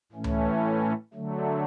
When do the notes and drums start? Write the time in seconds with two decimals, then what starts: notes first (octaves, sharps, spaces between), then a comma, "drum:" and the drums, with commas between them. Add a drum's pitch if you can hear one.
0.12 A2 E3 A3 C#4
0.24 drum: tom C#2
1.14 D3 F#3 A3